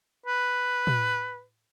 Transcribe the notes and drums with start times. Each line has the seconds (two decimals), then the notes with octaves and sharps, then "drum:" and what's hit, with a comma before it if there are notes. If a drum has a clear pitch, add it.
0.26 B4
0.87 drum: tom